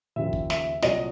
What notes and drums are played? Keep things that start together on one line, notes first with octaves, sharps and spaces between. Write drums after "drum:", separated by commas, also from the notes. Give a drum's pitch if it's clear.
D#2 C#3 F3 E5
drum: kick
E5, drum: snare
C2 A#2 F#3 D#5, drum: snare